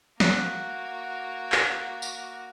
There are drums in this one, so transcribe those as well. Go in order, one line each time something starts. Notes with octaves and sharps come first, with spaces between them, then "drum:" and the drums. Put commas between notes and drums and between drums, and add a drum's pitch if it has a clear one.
A#3 F#4 F#6, drum: snare
drum: clap
drum: tambourine